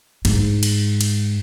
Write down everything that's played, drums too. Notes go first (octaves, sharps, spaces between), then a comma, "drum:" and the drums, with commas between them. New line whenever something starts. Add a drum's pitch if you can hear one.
G#2, drum: cymbal
drum: cymbal
drum: cymbal